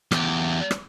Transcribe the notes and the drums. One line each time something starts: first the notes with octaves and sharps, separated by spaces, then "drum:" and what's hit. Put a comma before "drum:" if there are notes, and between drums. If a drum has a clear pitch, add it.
E2 G4, drum: rim click
drum: rim click